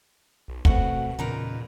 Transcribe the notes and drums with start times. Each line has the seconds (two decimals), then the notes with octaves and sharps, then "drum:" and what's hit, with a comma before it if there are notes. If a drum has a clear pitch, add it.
0.48 B1
0.65 B2 A3 C4 F#4 F#5, drum: kick
1.19 E2 A#2 C#3 D#4 A#4 B4